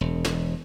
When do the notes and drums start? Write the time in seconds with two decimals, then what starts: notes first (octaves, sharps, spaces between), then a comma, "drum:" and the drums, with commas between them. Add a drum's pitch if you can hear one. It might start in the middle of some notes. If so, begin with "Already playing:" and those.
0.01 E1
0.24 drum: snare